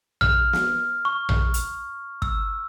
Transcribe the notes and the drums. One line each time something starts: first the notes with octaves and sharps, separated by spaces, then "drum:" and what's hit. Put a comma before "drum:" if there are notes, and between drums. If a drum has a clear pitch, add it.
F6, drum: tom A#1
drum: snare
C#6
drum: tom A#1
drum: hi-hat
E6, drum: kick